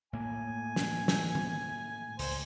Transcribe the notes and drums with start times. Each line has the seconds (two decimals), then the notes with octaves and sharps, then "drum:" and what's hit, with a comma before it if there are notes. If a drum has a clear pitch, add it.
0.13 A2 A#3 G#5
0.76 drum: snare
1.08 drum: snare
1.35 drum: tom D#3
2.19 C#2 C5 G#5, drum: open hi-hat